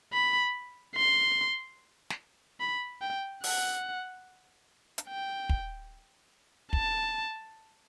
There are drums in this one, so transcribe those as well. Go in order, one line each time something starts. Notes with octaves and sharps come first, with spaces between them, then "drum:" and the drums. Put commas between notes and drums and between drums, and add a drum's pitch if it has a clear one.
B5
C6
drum: snare
B5
G5
F#5, drum: open hi-hat
drum: hi-hat
G5
drum: kick
A5, drum: kick